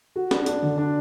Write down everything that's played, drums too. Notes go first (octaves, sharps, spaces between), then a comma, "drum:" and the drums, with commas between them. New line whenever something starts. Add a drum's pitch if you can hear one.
F#4
D4, drum: snare
D4, drum: hi-hat
D3
D4